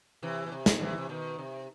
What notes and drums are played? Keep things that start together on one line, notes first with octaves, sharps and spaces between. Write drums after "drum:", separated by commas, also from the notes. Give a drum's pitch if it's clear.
C3 E3
B2
C3
drum: snare
C3 E3
C3
B2 D#3
C3